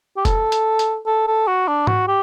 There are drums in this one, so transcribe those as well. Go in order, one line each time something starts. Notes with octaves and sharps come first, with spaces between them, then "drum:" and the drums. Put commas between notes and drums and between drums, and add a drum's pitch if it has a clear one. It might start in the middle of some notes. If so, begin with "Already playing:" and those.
G4
A4, drum: kick F1, hi-hat
drum: hi-hat
drum: hi-hat
A4
A4
F#4
D4
F#4, drum: tom G#2
G4